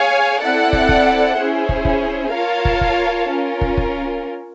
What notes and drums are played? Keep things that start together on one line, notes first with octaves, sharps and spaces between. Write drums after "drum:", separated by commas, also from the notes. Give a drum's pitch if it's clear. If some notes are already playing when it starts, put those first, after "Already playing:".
Already playing: G#4 C#5 F5 G#5
C4 E4 A4 D5 F#5
drum: kick
drum: kick
C#4 E4 G#4 C5
drum: kick
drum: kick
F4 A#4 C#5 F5 A5
drum: kick
drum: kick
C#4 F4 A#4
drum: kick
drum: kick